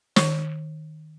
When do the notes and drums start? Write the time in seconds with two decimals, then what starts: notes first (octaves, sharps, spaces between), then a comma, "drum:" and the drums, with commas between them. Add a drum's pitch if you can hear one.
0.16 D#3, drum: snare